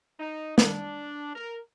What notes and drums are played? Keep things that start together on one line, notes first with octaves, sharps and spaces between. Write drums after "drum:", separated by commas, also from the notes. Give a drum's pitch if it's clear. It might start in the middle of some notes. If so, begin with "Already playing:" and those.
D#4
D4, drum: snare
A#4